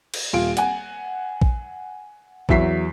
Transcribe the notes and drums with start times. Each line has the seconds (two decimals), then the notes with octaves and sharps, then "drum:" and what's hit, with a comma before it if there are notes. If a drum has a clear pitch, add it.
0.14 drum: cymbal
0.33 D#1 F4 D7
0.57 F#5 G#5, drum: hi-hat
1.42 drum: kick
2.49 E2 F#3 E5 B6 C7, drum: kick